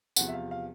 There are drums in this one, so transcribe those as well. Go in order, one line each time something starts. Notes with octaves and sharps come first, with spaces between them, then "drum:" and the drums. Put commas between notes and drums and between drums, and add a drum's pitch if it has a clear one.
E2 C3 F3 F#5, drum: tambourine
E5
F5
F5